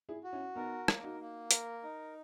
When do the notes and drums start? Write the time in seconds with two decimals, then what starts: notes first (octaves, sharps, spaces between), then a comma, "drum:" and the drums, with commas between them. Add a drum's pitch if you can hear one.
0.09 E4 G#4
0.24 F#4
0.33 C#4 E4
0.56 B3 D#4 A#4
0.88 A#3, drum: rim click
1.03 D#4 F#4
1.20 A#3
1.51 A#4, drum: hi-hat
1.83 D#4